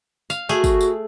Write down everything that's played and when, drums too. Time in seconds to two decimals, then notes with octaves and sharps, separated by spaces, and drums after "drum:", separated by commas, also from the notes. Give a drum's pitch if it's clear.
0.30 F5, drum: tambourine
0.49 A3 F#4 G#4, drum: tambourine
0.64 drum: kick, tambourine
0.81 drum: tambourine